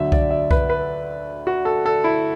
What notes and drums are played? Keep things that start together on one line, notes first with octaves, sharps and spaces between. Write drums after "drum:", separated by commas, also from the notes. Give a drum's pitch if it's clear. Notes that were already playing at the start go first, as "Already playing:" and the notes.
Already playing: D2 D3 F#3 E5
D5, drum: kick C2
E5
B4, drum: kick C2
B4
F#4
A4
A4
E4